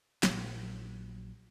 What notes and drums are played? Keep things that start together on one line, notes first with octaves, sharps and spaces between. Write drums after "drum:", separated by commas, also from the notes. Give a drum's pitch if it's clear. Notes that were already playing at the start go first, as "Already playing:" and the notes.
A#1 F#3, drum: snare